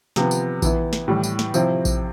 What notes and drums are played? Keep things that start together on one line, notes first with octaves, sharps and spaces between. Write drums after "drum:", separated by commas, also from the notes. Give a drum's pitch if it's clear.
C3 F3 B3, drum: snare
drum: tambourine
E3 B3 E4, drum: kick A#1, tambourine
drum: snare
A2 E3 G3
drum: tambourine
drum: snare
C3 F3 C4 E4, drum: tambourine
drum: kick A#1, tambourine